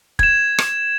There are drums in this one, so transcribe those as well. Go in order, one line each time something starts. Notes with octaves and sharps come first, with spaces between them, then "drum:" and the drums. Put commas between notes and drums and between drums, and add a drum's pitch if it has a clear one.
G#6 E7, drum: kick
drum: rim click